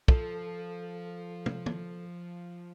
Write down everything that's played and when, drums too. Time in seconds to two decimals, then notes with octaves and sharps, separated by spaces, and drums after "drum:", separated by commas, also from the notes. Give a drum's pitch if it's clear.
0.08 F3 A4, drum: kick
1.46 drum: tom
1.66 drum: tom